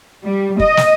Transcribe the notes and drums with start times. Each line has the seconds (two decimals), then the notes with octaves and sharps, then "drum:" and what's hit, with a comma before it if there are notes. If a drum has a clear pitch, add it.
0.24 G3
0.60 D#5, drum: kick
0.77 drum: snare